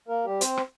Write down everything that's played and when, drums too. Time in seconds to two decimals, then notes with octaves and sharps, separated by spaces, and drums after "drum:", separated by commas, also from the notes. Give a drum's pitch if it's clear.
0.08 A#3 A#4
0.25 G3 G4
0.41 C4 C5, drum: hi-hat
0.57 drum: rim click